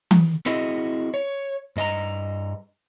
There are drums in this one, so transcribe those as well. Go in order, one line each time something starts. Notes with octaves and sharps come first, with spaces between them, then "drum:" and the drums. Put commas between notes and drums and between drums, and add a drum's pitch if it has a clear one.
drum: tom E3
C4 E4 F#4 G#4 D#5
C#5
G2 D#5 G#5 A#5